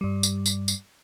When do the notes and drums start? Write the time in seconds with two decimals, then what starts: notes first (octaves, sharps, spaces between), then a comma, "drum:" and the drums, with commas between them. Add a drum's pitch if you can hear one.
0.01 G2 G3
0.23 drum: tambourine
0.46 drum: tambourine
0.68 drum: tambourine